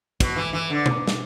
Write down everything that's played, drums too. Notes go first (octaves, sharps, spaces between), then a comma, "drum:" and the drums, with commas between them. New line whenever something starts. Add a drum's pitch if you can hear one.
B2, drum: kick, cymbal
E3
E3
D3
drum: tom B2
drum: snare